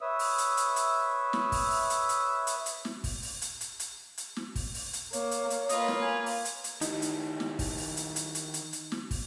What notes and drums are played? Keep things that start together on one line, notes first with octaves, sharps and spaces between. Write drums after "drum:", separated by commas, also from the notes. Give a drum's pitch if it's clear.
B4 C#5 E5 D#6 E6
drum: open hi-hat
drum: hi-hat
drum: hi-hat
drum: hi-hat
drum: snare
drum: kick, open hi-hat
drum: open hi-hat
drum: hi-hat
drum: hi-hat
drum: hi-hat
drum: hi-hat
drum: snare
drum: kick, open hi-hat
drum: open hi-hat
drum: hi-hat
drum: hi-hat
drum: hi-hat
drum: hi-hat
drum: snare
drum: kick, open hi-hat
drum: open hi-hat
drum: hi-hat
A#3 C#5, drum: hi-hat
drum: hi-hat
drum: hi-hat
A#3 F4 B4 D#5, drum: hi-hat
drum: snare
G#5
drum: open hi-hat
drum: hi-hat
drum: hi-hat
D#3 D#4 E4 G4, drum: hi-hat
drum: hi-hat
drum: snare
drum: kick, open hi-hat
drum: open hi-hat
drum: hi-hat
drum: hi-hat
drum: hi-hat
drum: hi-hat
drum: hi-hat
drum: snare
drum: kick, open hi-hat